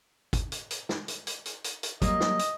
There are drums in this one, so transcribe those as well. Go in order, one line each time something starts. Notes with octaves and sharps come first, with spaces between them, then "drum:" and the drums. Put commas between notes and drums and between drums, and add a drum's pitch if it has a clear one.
drum: kick, hi-hat
drum: hi-hat
drum: hi-hat
drum: snare
drum: hi-hat
drum: hi-hat
drum: hi-hat
drum: hi-hat
drum: hi-hat
F#3 G3 A#3 D#5, drum: kick, hi-hat
drum: snare
drum: hi-hat